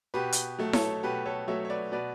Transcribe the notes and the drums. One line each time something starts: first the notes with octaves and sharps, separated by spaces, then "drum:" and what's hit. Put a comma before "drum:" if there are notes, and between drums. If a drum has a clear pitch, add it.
B2 G4 B4
drum: hi-hat
F#3 A3
A4 C#5, drum: snare E4
B2 G4 B4
A4 C#5
F#3 A3 C#5 E5
C#5
B4 D5
B2 B4 D5